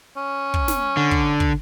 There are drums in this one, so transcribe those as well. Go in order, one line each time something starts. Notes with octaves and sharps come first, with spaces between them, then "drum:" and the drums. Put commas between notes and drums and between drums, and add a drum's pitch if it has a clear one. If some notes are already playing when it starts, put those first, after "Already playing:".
C#4
drum: kick
drum: snare
D3
drum: kick
drum: kick